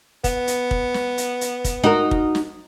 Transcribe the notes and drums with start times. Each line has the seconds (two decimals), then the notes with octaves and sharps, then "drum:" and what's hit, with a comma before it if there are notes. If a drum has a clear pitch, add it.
0.24 B3, drum: kick, hi-hat
0.47 drum: hi-hat
0.71 drum: kick
0.94 drum: snare
1.18 drum: hi-hat
1.41 drum: hi-hat
1.64 drum: kick, hi-hat
1.83 D#4 F#4 A#4
2.11 drum: kick
2.35 drum: snare